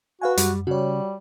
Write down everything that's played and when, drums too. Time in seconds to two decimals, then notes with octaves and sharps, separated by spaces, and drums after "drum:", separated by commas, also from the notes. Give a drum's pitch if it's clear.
0.21 F#4 B4 F5 G#5
0.38 F#2 G3, drum: hi-hat
0.67 C#3 G3 F#4 C#5